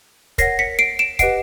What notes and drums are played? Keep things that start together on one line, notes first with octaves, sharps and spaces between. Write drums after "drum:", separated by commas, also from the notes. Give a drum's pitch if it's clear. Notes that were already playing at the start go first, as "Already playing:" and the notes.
A#4 C#5 F#5 A#6 C7, drum: kick, hi-hat
B6 C#7
C7 D7
D7 E7
G4 B4 D#5 F#5 C7 D7, drum: kick, hi-hat